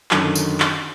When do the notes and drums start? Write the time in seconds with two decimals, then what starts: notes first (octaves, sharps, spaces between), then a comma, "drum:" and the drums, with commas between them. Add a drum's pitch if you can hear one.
0.11 F#2 D3 D#3 F#3, drum: clap
0.36 drum: tambourine
0.60 drum: clap